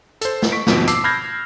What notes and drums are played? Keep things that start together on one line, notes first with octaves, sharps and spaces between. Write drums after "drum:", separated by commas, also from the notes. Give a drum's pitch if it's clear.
A4 C5, drum: hi-hat
drum: snare
C#6 B6 D7
D#2 G#2 B2 F3 C4, drum: snare
A5 D6 E6 C7, drum: hi-hat
B5 F6 G6 G#6 A#6